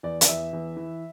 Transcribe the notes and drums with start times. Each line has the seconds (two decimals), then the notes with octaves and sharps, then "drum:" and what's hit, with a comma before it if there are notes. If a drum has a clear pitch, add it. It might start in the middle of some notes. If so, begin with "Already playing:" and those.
0.03 E2 D5
0.21 D5, drum: hi-hat
0.28 E2 E5
0.53 E2
0.77 E3